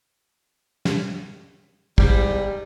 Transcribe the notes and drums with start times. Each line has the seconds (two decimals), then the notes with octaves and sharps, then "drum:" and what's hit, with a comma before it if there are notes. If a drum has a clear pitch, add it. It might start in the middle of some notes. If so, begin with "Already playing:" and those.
0.85 drum: snare
1.98 E2 G#2 G3, drum: kick